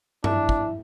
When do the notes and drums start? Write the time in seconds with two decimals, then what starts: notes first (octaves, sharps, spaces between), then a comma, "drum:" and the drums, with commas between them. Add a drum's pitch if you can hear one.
0.24 D4 E4 E5, drum: tom G2
0.49 drum: kick